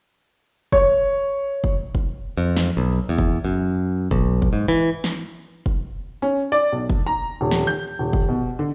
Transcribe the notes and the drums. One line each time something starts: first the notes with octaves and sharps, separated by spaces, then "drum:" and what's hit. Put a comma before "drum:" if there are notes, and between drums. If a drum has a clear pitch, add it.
C#5, drum: kick
drum: kick
drum: kick
F2
drum: snare
B1
E2
drum: kick
F#2
B1, drum: kick
drum: kick
G#2
E3
drum: snare
drum: kick
C#4
D5
B1
drum: kick
A#5
D#1
drum: snare
G6
D#1
drum: kick
B2
D3